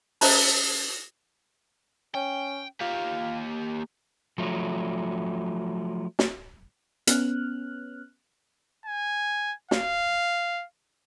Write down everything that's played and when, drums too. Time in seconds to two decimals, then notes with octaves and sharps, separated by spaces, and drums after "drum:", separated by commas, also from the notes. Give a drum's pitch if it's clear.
0.21 C#4 C5 D#5 E5 A5 A#5, drum: open hi-hat
2.15 C#4 G5
2.80 A#3 F4 G4
4.38 F3 F#3 A3
6.19 drum: snare
7.07 B3 C#4 F6 F#6, drum: hi-hat
8.86 G#5
9.71 F5, drum: snare